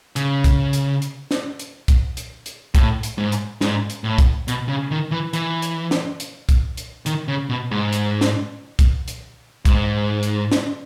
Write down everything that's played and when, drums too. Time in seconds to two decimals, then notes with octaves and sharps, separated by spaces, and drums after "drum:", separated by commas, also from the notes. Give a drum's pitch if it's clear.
0.16 C#3, drum: hi-hat
0.44 drum: kick, hi-hat
0.73 drum: hi-hat
1.02 drum: hi-hat
1.31 drum: snare
1.59 drum: hi-hat
1.88 drum: kick, hi-hat
2.17 drum: hi-hat
2.46 drum: hi-hat
2.75 A2, drum: kick, hi-hat
3.03 drum: hi-hat
3.18 G#2
3.32 drum: hi-hat
3.61 G#2, drum: snare
3.90 drum: hi-hat
4.04 A2
4.18 drum: kick, hi-hat
4.48 B2, drum: hi-hat
4.69 C#3
4.91 D#3
5.11 E3
5.33 E3, drum: hi-hat
5.62 drum: hi-hat
5.91 drum: snare
6.20 drum: hi-hat
6.49 drum: kick, hi-hat
6.77 drum: hi-hat
7.06 D#3, drum: hi-hat
7.28 C#3
7.49 B2
7.71 G#2
7.93 drum: hi-hat
8.21 drum: snare
8.79 drum: kick, hi-hat
9.08 drum: hi-hat
9.65 G#2, drum: kick, hi-hat
10.23 drum: hi-hat
10.52 drum: snare